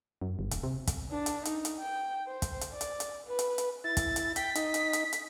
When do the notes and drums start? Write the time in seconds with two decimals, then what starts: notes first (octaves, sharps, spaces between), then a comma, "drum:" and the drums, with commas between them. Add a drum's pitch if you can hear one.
0.21 F#2
0.39 G1
0.51 D#1, drum: hi-hat
0.63 C3
0.87 drum: kick, hi-hat
1.11 D4
1.26 drum: hi-hat
1.45 D#4, drum: hi-hat
1.65 drum: hi-hat
1.79 G5
2.27 C5
2.42 drum: kick, hi-hat
2.61 drum: hi-hat
2.71 D5
2.81 drum: hi-hat
3.00 drum: hi-hat
3.26 B4
3.39 drum: hi-hat
3.58 drum: hi-hat
3.84 E4 A6
3.97 drum: kick, hi-hat
4.16 drum: hi-hat
4.36 G5 B6, drum: hi-hat
4.55 D#4, drum: hi-hat
4.74 drum: hi-hat
4.93 drum: hi-hat
5.13 drum: hi-hat